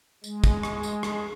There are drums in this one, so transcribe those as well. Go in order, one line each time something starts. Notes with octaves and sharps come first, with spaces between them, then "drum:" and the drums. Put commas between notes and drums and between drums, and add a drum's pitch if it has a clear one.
G#3, drum: tambourine
drum: kick, tambourine
drum: rim click
drum: tambourine
drum: rim click